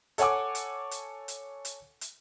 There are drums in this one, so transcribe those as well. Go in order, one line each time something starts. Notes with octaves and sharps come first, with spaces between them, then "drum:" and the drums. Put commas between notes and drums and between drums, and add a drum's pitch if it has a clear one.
A4 C#5 F#5 G#5 D6, drum: hi-hat
drum: hi-hat
drum: hi-hat
drum: hi-hat
drum: hi-hat
drum: hi-hat